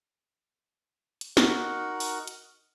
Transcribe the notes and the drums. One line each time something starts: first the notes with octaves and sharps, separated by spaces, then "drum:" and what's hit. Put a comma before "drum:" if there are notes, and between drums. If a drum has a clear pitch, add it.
drum: hi-hat
D#4 F#4 A#4 F#5, drum: snare
drum: open hi-hat
drum: hi-hat